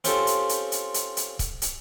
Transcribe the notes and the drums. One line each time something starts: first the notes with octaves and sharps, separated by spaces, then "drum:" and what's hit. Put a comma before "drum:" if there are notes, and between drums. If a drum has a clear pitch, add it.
C4 C#4 F4 G4 A4, drum: hi-hat
drum: hi-hat
drum: hi-hat
drum: hi-hat
drum: hi-hat
drum: hi-hat
drum: kick, hi-hat
drum: hi-hat